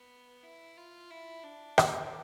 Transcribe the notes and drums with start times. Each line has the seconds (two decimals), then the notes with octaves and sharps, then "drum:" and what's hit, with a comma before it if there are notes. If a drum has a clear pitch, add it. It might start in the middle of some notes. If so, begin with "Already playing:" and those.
Already playing: B3
0.43 E4
0.77 F4
1.10 E4
1.44 D4
1.78 drum: rim click